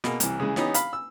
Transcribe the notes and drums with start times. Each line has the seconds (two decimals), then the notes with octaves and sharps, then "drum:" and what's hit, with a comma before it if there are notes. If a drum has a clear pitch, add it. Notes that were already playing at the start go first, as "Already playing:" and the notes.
0.04 B2 A#3 G#4, drum: snare
0.20 C2 E3, drum: hi-hat
0.40 C#3 E3 G#3
0.56 E3 B3 C#4 D#4 G4, drum: snare
0.74 F5 B5, drum: hi-hat
0.93 E6